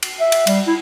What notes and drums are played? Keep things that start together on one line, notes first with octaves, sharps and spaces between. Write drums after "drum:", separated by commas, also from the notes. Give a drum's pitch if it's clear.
drum: cymbal
E5
drum: cymbal
G3, drum: cymbal
E4